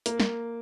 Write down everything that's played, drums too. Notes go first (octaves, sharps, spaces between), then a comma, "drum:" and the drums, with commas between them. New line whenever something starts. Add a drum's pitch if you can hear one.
A#3, drum: hi-hat
drum: snare